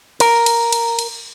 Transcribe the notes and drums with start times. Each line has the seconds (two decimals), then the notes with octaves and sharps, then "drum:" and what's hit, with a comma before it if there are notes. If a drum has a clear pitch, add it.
0.20 A#4, drum: cymbal
0.46 drum: cymbal
0.72 drum: cymbal
0.99 drum: cymbal